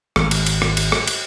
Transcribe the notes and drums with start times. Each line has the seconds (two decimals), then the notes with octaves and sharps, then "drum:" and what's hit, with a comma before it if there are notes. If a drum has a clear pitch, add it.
0.16 G#1, drum: rim click
0.31 drum: cymbal
0.47 drum: cymbal
0.62 drum: rim click
0.77 drum: cymbal
0.92 drum: rim click
1.07 drum: cymbal